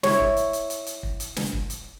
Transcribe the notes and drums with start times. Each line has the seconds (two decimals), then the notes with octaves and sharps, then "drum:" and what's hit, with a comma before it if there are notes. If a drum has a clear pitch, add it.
0.03 E4 C#5, drum: snare
0.20 drum: kick
0.37 drum: hi-hat
0.53 drum: hi-hat
0.70 drum: hi-hat
0.87 drum: hi-hat
1.03 drum: kick
1.20 drum: hi-hat
1.36 drum: snare
1.53 drum: kick
1.70 drum: hi-hat